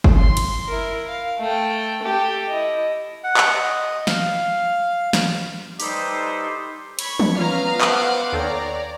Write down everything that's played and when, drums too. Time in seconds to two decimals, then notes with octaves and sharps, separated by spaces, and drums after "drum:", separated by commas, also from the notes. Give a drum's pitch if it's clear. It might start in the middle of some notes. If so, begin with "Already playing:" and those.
0.04 drum: kick G1
0.17 C6
0.37 drum: cymbal
0.66 E4 A#4
1.07 F5
1.38 A3 G5
2.01 G4 A4
2.48 E4 D#5
3.24 F#5
3.37 drum: clap
3.53 D#5
4.07 F5, drum: snare
5.13 drum: snare
5.80 G3 D#4 G4 A4 B4 C5, drum: open hi-hat
6.99 C#5 B5 C#6, drum: cymbal
7.20 drum: tom E3
7.37 B3 C#4 F4 D5 F5 A#5 F6
7.81 C5 F#5 D6, drum: clap
8.33 D#2 A4 C#5 D5 G5 A#5